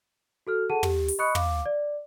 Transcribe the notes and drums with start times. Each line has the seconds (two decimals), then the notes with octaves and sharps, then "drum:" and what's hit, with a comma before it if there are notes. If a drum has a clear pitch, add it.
0.47 F#4 A4 F6
0.70 G#4 A4 F#5 A5 D#7
0.83 G4, drum: tom
1.08 drum: open hi-hat
1.19 D#5 B5 C#6 D#6 F#6 C#7
1.35 F5 D6, drum: tom
1.66 D5